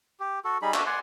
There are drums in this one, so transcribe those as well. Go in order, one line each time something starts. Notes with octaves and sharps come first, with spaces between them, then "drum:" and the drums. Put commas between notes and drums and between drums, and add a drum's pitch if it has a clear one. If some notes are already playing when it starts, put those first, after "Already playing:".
G4
F#4 A4
G3 D#4 G#4 B5
D4 F#4 E5, drum: clap
D5 F#5 G#5 C6